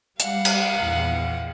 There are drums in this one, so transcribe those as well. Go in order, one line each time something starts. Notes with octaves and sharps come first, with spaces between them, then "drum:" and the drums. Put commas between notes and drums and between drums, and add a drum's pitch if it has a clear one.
G3 F5 F#5, drum: hi-hat
drum: cymbal
A#1 E2